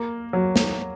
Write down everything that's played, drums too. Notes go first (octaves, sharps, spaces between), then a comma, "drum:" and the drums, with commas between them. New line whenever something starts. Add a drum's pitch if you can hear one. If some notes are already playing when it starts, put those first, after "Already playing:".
Already playing: A#3 A#4
F#3
drum: snare